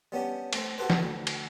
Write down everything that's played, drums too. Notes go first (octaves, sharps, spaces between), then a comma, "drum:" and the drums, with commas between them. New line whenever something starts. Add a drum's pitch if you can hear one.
G3 B3 C#4 D4 G4
A3 C4, drum: cymbal
F#4 G4 A4 B4 C5
drum: snare
D2 D3
drum: cymbal